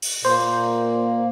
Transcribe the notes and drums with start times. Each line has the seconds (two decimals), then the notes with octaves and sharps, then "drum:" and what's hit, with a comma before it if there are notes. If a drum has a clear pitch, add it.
0.02 drum: open hi-hat
0.25 A#2 A#3 C5